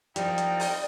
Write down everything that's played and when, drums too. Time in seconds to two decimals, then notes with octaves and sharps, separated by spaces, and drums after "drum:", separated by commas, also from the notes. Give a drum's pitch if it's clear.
0.16 F3 A#3 C4 D#4 E4 G4 D5 G5, drum: hi-hat
0.38 drum: hi-hat
0.60 drum: open hi-hat